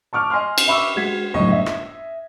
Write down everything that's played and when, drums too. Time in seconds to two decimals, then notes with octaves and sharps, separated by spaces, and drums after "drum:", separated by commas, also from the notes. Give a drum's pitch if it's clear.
0.13 A5 C#6 D6 F6
0.30 D#5 G#5 C6 F6
0.58 drum: cymbal
0.68 E5 B5 C#6 D6 E6
0.96 G#3 F#4 G#6 B6
1.34 G1 C#2 F#2 A2 D#5 C#6
1.51 D#5 E5
1.66 drum: rim click